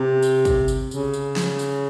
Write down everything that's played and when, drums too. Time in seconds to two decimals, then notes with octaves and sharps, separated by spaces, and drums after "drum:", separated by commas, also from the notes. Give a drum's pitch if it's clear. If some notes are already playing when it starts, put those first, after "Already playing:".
Already playing: C3
0.22 drum: tambourine
0.45 drum: kick, tambourine
0.68 drum: tambourine
0.91 C#3, drum: tambourine
1.14 drum: tambourine
1.36 drum: snare
1.59 drum: tambourine